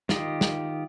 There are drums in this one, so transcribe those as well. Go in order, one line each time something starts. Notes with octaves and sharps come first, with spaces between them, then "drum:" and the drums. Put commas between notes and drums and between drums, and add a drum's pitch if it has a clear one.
D#3 F4 G4 D#5, drum: snare
drum: snare